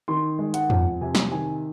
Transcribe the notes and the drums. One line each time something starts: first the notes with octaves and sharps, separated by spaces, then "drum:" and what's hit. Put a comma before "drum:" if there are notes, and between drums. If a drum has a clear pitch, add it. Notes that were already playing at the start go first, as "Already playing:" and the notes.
D#3 C6
G#3
F#5, drum: hi-hat
F2, drum: tom E2
C3 G#5
drum: snare
D#3 G#5